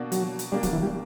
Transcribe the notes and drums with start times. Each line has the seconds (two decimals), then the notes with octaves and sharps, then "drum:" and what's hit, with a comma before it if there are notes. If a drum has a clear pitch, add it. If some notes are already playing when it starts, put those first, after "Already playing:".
Already playing: B2 A#3 D4 F#4
0.12 F#3, drum: hi-hat
0.39 drum: hi-hat
0.52 B2 G3 A#3 D4
0.63 F#3, drum: kick D1, hi-hat
0.73 E3
0.82 G3